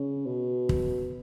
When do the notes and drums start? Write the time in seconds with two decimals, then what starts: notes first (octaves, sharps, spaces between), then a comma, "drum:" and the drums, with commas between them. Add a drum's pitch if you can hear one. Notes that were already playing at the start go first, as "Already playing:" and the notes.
Already playing: C#3
0.26 B2
0.69 drum: kick